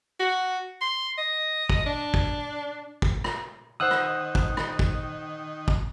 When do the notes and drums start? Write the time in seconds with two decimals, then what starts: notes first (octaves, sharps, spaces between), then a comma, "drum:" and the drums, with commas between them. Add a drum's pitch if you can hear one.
0.19 F#4
0.81 C6
1.18 D#5
1.70 drum: kick
1.86 D4
2.14 drum: kick
3.02 drum: kick
3.24 drum: rim click
3.80 D#3 C5 F#5 D#6 E6 F#6
3.91 drum: rim click
4.35 drum: kick
4.57 drum: rim click
4.79 drum: kick
5.68 drum: kick